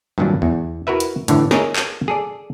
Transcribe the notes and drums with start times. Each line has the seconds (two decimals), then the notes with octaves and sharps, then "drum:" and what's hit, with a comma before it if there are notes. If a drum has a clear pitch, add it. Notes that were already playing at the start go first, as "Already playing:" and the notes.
0.18 G2 A#2 D#3 F#3 C#4 D4
0.42 E2
0.87 E4 F#4 A#4 B4 E5
1.00 drum: hi-hat
1.28 A2 D3 E3, drum: hi-hat
1.51 G#4 A#4 C#5 D#5 E5 A#5, drum: snare
1.76 drum: clap
2.08 G#4 A4 D5